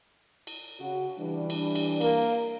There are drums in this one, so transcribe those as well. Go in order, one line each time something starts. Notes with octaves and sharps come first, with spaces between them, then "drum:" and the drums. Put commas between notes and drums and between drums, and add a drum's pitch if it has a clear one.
drum: cymbal
C#3 F#4
E3 G3 D4
drum: cymbal
drum: cymbal
A#3, drum: cymbal